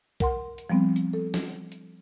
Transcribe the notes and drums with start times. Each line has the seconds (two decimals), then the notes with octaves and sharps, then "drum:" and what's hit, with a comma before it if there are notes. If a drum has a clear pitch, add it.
0.20 A#4 F#5 C6, drum: kick, hi-hat
0.58 drum: hi-hat
0.70 F3 G3 B3 C4
0.96 drum: hi-hat
1.13 A4
1.34 drum: snare
1.72 drum: hi-hat